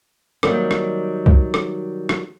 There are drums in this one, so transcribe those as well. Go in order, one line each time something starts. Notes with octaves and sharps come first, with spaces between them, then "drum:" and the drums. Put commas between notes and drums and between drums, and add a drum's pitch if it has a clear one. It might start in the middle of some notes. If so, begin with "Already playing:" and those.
D#3 F#3 G3 A#3 C4, drum: rim click
drum: rim click
drum: kick C2
drum: rim click
drum: rim click